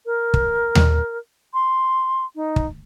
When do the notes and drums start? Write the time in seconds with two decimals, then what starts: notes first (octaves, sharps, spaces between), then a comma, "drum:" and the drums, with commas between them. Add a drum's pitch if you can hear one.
0.06 A#4
0.34 drum: kick
0.75 drum: tom D#2
1.54 C6
2.36 D#4
2.56 drum: kick